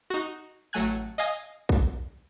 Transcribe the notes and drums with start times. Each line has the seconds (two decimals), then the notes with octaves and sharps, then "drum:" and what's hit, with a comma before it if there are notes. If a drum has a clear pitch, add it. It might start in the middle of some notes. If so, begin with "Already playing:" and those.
0.10 D#4 F#4
0.73 A1 F#3 A3 G#5 F#6 G#6
1.18 D#5 F5 G#5 D#6 A#6, drum: tambourine
1.69 drum: kick A#1